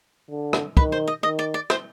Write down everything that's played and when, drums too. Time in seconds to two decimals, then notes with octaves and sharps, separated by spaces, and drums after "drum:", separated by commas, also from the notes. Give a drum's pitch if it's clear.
0.30 D3
0.53 drum: rim click
0.77 D#3 B4, drum: kick
0.92 C5
1.08 D#5
1.23 D#3 D#5
1.39 D5
1.54 D5
1.70 C5, drum: rim click